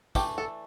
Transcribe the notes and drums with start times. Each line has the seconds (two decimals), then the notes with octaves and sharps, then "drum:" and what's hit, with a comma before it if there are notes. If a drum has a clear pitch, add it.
0.15 E3 A3 D4 G4, drum: kick, tambourine
0.38 A4